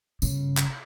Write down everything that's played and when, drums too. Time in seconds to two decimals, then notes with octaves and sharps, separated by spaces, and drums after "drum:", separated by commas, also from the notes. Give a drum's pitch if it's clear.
0.22 G1 C#3, drum: tambourine
0.57 drum: clap